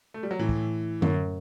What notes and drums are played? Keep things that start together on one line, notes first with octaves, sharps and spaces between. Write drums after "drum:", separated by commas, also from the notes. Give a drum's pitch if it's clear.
A3
G3
F#3
A2 E3
drum: kick
F#2, drum: tom D3